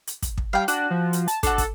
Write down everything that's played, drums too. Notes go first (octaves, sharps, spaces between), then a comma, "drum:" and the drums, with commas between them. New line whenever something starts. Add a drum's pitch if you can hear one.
drum: hi-hat
drum: kick, hi-hat
drum: kick
G3 F5 G5
D4 F#4, drum: hi-hat
F3
drum: hi-hat
A5, drum: hi-hat
D4 F#4 A4, drum: kick, hi-hat
drum: kick, hi-hat